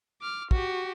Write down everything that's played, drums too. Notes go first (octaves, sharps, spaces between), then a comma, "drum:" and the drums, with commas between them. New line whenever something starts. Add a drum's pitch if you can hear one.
D6 F6
F#4 G4, drum: kick